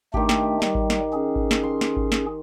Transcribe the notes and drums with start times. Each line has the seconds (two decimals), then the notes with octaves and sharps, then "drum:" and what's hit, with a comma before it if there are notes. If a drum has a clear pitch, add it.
0.14 D#3 A3 D4 G4, drum: kick G#1
0.29 drum: snare
0.62 G3, drum: snare
0.75 drum: kick G#1
0.90 drum: snare
1.13 C#4 G#4
1.36 drum: kick G#1
1.51 drum: snare
1.63 C6
1.81 drum: snare
1.97 drum: kick G#1
2.12 drum: snare